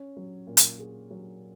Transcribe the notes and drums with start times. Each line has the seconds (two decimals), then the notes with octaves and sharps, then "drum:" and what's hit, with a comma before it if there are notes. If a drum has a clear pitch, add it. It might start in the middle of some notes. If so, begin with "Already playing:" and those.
Already playing: C#4
0.17 F#3
0.47 A#2
0.57 drum: hi-hat
0.79 G#4
1.11 F#3